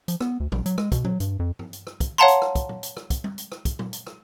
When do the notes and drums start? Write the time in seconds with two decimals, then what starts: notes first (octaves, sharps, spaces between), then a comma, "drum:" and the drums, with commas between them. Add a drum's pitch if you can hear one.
0.08 F3, drum: hi-hat
0.20 B3, drum: rim click
0.40 D2
0.52 A#1, drum: tom A#2
0.66 F#3, drum: hi-hat
0.78 G#3, drum: rim click
0.92 B2, drum: kick, hi-hat
1.05 F#3, drum: tom A#2
1.20 G2, drum: hi-hat
1.39 F2
1.59 drum: tom G2
1.73 drum: hi-hat
1.87 drum: rim click
2.00 drum: kick, hi-hat
2.18 C#5 F5 F#5 A5 A#5 C6
2.28 drum: hi-hat
2.42 drum: rim click
2.55 drum: kick, hi-hat
2.69 drum: tom A#2
2.83 drum: hi-hat
2.97 drum: rim click
3.10 drum: kick, hi-hat
3.24 drum: tom G3
3.38 drum: hi-hat
3.52 drum: rim click
3.65 drum: kick, hi-hat
3.79 drum: tom A#2
3.93 drum: hi-hat
4.07 drum: rim click